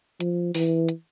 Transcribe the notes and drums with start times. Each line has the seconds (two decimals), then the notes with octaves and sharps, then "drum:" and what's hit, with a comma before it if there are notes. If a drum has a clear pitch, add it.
0.20 F3, drum: hi-hat
0.55 E3, drum: open hi-hat
0.89 drum: hi-hat